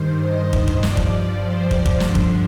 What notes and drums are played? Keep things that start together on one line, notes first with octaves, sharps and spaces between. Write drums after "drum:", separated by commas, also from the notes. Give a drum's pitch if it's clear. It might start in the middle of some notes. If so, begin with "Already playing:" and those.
Already playing: G2 D#3 C5
D#5
drum: kick
drum: kick
G2 F3 D5, drum: snare
drum: kick
C5
drum: kick
drum: kick
G2 D3 F3 D4, drum: snare
drum: kick